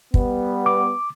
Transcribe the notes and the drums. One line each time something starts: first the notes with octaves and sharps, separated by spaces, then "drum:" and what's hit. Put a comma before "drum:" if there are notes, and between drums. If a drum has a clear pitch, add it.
G3 B3, drum: kick
D6